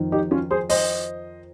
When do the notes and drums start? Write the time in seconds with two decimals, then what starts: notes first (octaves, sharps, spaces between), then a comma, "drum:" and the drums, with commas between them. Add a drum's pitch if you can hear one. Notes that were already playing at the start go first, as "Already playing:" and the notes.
Already playing: F2 D#3
0.12 D#4 G4
0.31 C#4 F4
0.51 G#4 C5
0.69 C5 D#5, drum: open hi-hat